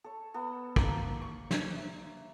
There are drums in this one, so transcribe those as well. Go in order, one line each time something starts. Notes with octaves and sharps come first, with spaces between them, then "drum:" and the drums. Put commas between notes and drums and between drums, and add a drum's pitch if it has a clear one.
A4 C#5
B3 A4
A#3, drum: kick
C#6
drum: snare
E5